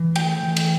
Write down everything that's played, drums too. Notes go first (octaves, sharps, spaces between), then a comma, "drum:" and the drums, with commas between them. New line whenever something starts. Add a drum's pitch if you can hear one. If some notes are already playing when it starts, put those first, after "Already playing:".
Already playing: E3
A3 G5, drum: cymbal
E3
drum: cymbal